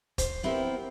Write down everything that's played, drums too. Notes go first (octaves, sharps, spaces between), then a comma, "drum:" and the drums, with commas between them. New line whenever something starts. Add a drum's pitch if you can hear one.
C5, drum: kick, hi-hat
B3 C4 E4 G4 A#4